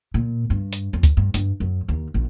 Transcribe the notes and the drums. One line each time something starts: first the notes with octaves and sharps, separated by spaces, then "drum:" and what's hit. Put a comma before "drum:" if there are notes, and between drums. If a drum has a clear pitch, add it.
A#2
G2
drum: hi-hat
F2
drum: kick D2, hi-hat
G2
G2, drum: hi-hat
F#2
D#2
A#1